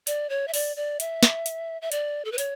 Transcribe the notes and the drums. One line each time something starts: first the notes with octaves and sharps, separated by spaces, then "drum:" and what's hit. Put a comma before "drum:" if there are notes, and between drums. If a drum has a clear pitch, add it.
D5, drum: hi-hat
C#5
E5
D5, drum: open hi-hat
D5
E5, drum: hi-hat
drum: snare
drum: hi-hat
E5
D5, drum: hi-hat
A4
B4
C#5, drum: hi-hat